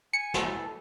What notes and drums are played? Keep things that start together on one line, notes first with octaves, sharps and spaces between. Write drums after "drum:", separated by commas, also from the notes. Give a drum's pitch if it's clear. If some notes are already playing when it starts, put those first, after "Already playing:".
G#5 C#7
E3 A4, drum: snare